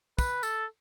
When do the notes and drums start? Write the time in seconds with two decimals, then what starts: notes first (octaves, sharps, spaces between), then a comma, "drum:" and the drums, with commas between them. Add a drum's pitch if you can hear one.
0.19 B4, drum: kick, tambourine
0.43 A4, drum: tambourine